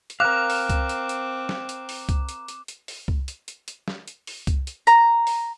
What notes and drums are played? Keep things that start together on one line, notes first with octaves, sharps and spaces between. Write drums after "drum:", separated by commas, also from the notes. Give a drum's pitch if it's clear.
drum: hi-hat
C4 A#4 F5 D6 F#6
drum: open hi-hat
drum: kick C2, hi-hat
drum: hi-hat
drum: hi-hat
drum: snare
drum: hi-hat
drum: open hi-hat
drum: kick C2, hi-hat
drum: hi-hat
drum: hi-hat
drum: hi-hat
drum: open hi-hat
drum: kick C2
drum: hi-hat
drum: hi-hat
drum: hi-hat
drum: snare
drum: hi-hat
drum: open hi-hat
drum: kick C2, hi-hat
drum: hi-hat
A#5, drum: hi-hat
drum: open hi-hat